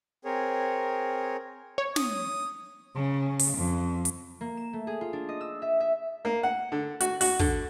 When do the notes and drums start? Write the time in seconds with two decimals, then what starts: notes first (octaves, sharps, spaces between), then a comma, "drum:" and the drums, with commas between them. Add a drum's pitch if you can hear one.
0.25 C4 G#4 A#4 C#5
1.78 C#5
1.96 D#6, drum: snare
2.95 C#3
3.39 drum: open hi-hat
3.57 F2
4.05 drum: hi-hat
4.41 A#3
4.57 E7
4.73 A3
4.87 G#4
5.01 F4
5.13 D4
5.29 D#5
5.41 E6
5.62 E5
5.80 E5
6.25 A#3
6.43 F#5
6.72 D3
7.00 F#4, drum: hi-hat
7.21 F#4, drum: open hi-hat
7.40 D3, drum: kick